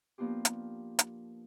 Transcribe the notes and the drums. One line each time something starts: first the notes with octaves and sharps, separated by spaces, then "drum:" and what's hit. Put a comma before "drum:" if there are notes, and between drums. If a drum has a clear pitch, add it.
F3 A#3 B3 D4 F4 G4
drum: hi-hat
drum: hi-hat